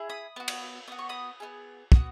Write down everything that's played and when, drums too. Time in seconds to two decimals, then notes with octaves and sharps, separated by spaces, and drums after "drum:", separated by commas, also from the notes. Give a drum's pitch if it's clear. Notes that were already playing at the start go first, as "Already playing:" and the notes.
Already playing: E4 G#4
0.09 B5 D#6
0.36 B3 F#4
0.48 drum: cymbal
0.88 B3 F#4 D#6
0.98 C#6
1.09 B5 D#6
1.40 B3 D#4 G#4
1.92 B3 F#4 D#6 F#6, drum: kick